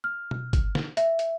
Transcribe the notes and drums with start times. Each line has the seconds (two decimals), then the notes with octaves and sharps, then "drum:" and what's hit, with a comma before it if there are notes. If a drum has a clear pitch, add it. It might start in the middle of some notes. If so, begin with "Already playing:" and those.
0.04 F6
0.31 drum: tom B2
0.53 drum: kick, hi-hat
0.75 drum: snare
0.97 E5, drum: hi-hat
1.19 drum: hi-hat